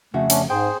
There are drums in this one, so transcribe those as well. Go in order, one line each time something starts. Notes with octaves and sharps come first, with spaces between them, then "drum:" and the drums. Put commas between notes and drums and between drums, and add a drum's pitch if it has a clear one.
F2 C#3 A3 F#4
C#4 D4, drum: hi-hat
G#2 G#4 C5 G5